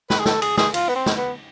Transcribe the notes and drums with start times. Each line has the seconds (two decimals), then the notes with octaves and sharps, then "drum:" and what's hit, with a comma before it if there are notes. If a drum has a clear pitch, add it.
0.10 B4, drum: snare
0.20 G#4
0.26 A4, drum: snare
0.42 G#4, drum: cymbal
0.57 G#4, drum: snare
0.74 F4, drum: cymbal
0.89 B3
0.95 C4
1.06 drum: snare
1.17 B3